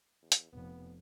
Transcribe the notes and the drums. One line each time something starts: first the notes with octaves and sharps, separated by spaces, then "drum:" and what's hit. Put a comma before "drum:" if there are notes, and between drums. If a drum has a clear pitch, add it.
E2
drum: hi-hat
F1 B3